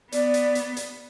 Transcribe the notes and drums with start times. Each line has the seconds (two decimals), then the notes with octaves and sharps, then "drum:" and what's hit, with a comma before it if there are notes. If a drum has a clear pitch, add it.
0.12 B3 D5, drum: hi-hat
0.34 drum: hi-hat
0.55 drum: hi-hat
0.77 drum: hi-hat